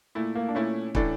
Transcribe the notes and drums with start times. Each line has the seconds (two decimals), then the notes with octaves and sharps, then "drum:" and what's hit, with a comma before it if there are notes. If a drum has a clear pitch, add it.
0.15 A#2 A3 E4
0.35 A#3
0.49 D4
0.55 A#2 A3 C#4 E4
0.95 A2 E3 A3 D4 A4, drum: kick